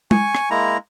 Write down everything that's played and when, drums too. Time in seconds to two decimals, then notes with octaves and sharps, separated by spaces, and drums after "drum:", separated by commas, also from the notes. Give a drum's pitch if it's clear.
0.11 G#5 C#6, drum: tom
0.35 drum: rim click
0.50 G#3 A#3 E4 A#5